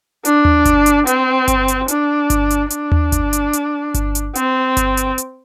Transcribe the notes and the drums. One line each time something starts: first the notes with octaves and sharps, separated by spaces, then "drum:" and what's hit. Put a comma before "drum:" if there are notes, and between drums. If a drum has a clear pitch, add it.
D4, drum: hi-hat
drum: tom D#2
drum: kick G1, hi-hat
drum: hi-hat
C4, drum: hi-hat
drum: kick G1, hi-hat
drum: hi-hat
D4, drum: hi-hat
drum: kick G1, hi-hat
drum: hi-hat
D4, drum: hi-hat
drum: tom D#2
drum: kick G1, hi-hat
drum: hi-hat
drum: hi-hat
drum: kick G1, hi-hat
drum: hi-hat
C4, drum: hi-hat
drum: kick G1, hi-hat
drum: hi-hat
drum: hi-hat